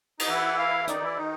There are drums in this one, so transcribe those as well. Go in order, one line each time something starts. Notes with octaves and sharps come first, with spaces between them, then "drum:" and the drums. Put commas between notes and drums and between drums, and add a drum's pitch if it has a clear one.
D#4, drum: cymbal
E3 E4 F#5
F5
D#3 D#4 D5, drum: hi-hat
E3 E4
D#3 D#4